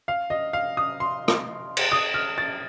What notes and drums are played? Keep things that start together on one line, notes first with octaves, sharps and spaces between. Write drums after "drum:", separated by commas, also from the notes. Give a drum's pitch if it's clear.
F5
D#5
F5
D#6
C6
drum: rim click
drum: cymbal
D#6
F6
A6